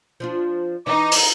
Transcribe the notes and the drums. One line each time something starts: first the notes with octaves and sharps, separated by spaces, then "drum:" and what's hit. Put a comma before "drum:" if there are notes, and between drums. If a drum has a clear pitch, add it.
F3 D4 F4
E3 D#4 D6
drum: open hi-hat